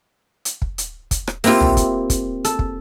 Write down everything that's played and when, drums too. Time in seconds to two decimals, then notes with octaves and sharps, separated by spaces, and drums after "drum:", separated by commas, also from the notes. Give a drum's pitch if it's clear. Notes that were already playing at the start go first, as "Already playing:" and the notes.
0.45 drum: hi-hat
0.62 drum: kick
0.78 drum: hi-hat
1.11 drum: kick, hi-hat
1.27 drum: rim click
1.44 A#3 C4 E4 F4 G4, drum: open hi-hat
1.60 drum: tom
1.77 drum: kick, hi-hat
2.10 drum: kick, hi-hat
2.44 A4, drum: hi-hat
2.59 drum: kick